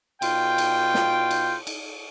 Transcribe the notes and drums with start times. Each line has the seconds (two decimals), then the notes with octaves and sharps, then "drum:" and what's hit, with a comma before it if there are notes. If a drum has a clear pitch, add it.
0.22 B2 F4 G5, drum: cymbal
0.58 drum: cymbal
0.94 drum: snare
1.31 drum: cymbal
1.67 drum: cymbal